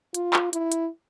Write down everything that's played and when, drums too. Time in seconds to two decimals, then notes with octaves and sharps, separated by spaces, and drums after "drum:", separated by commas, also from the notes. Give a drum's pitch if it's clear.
0.14 F4, drum: hi-hat
0.33 drum: clap
0.53 E4, drum: hi-hat
0.72 drum: hi-hat